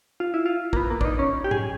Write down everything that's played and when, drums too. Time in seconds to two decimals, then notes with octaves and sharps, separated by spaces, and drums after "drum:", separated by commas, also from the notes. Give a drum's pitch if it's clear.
0.20 F4
0.34 E4
0.46 F4
0.73 A#3, drum: kick
0.77 B3
0.90 A#3
1.01 D4, drum: kick
1.05 D#4
1.19 C#4
1.44 G4
1.51 G#4, drum: tom G#2